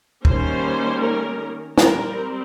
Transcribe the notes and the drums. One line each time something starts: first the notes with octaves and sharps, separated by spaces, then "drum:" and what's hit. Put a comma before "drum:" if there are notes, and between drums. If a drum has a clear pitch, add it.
D#3 G3 A#3 C#4 C5, drum: kick
A#4
G3 C4 A#4, drum: snare